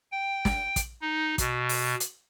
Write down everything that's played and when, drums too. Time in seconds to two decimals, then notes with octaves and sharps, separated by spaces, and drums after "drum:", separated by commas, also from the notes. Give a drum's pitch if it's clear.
0.12 G5
0.45 drum: snare
0.76 drum: kick, hi-hat
1.01 D#4
1.38 B2, drum: kick, hi-hat
1.69 drum: open hi-hat
2.00 drum: hi-hat